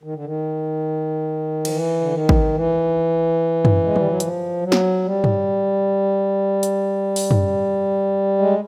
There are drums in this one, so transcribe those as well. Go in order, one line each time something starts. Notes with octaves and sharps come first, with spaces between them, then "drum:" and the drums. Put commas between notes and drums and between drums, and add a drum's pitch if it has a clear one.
D#3
D3
D#3
F3, drum: cymbal
E3
D3
D#3
drum: kick
E3
drum: tom F#2
G#3
G3, drum: tom D3
F#3
F3, drum: hi-hat
F#3
drum: snare
G3
drum: tom G2
drum: hi-hat
drum: open hi-hat
drum: tom F#2
G#3